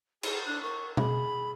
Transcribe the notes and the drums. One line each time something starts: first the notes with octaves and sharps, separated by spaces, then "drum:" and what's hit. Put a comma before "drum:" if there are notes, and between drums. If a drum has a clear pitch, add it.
G#4, drum: cymbal
D4 F#6
A#4 C#6
G#4 B5, drum: tom B2